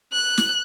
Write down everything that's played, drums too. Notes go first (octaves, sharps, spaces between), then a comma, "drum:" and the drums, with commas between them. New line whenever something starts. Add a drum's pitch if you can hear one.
F#6
drum: snare